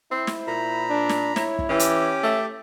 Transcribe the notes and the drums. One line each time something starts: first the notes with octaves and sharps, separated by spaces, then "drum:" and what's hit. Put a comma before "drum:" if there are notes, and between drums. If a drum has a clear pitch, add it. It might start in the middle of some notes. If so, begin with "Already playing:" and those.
C4 E4 C5
drum: snare
A#2 A#5 B5
D4
drum: snare
E4 C#5, drum: snare
drum: kick
E3 C#4 G4 D6
drum: hi-hat
A3